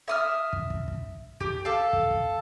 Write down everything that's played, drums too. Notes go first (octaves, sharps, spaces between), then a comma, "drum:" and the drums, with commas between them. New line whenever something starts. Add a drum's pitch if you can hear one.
E5 D#6 F6
drum: kick
drum: kick
drum: kick
G4, drum: kick
A4 F5
drum: kick
drum: kick